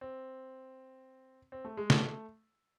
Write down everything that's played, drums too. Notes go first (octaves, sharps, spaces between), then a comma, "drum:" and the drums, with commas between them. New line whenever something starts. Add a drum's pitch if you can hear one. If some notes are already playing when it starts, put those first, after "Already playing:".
C4
C4
A3
G#3
A3, drum: snare